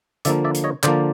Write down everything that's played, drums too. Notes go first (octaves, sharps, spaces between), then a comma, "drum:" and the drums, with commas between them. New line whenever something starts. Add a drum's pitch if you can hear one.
D3 F3 A#3 D5 E5, drum: hi-hat
D5 E5
drum: hi-hat
C#5 D#5
D3 F3 A#3 C5 D5, drum: clap